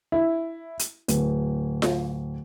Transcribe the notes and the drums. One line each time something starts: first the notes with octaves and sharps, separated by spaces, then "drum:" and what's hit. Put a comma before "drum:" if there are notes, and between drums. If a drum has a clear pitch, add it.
E4
drum: hi-hat
D1, drum: hi-hat
drum: snare F4